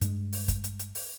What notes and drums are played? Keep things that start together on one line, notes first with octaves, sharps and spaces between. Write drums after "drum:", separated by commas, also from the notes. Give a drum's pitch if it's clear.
G2 G#3, drum: hi-hat
drum: open hi-hat
drum: kick, hi-hat
drum: hi-hat
drum: hi-hat
drum: open hi-hat